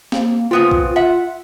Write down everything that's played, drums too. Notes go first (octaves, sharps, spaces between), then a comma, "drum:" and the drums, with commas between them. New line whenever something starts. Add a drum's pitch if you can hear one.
A#3, drum: snare
C#3 B3 C4 F4
drum: kick A#1
E5 F#5